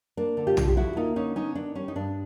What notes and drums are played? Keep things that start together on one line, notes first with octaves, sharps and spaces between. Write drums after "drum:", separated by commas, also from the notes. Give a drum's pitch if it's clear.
A#3 D4
D3
F4 G4
F3, drum: tom
G4
D2 E4 F#4
A#3 D#4 F4
D3 C#4 D#4
B3 C#4 D#4
D#3 D4
G3 C#4
D#4
G2 D4